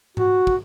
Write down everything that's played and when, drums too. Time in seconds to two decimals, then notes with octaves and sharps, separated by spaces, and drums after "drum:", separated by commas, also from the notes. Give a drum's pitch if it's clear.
0.17 F#4, drum: tom G#2
0.47 drum: kick